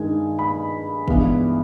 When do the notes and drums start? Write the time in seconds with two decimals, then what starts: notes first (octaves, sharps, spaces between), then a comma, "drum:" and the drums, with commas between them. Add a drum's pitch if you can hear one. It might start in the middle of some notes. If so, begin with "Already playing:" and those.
Already playing: G2 D#3 G#3 D#4 G#5
0.39 B5
1.08 G2 E3 G#3 B3 E4, drum: kick